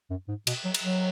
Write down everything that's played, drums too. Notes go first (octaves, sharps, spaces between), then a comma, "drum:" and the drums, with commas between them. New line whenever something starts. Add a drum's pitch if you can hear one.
F#2
G#2
B2, drum: cymbal
F#3
drum: cymbal
F#3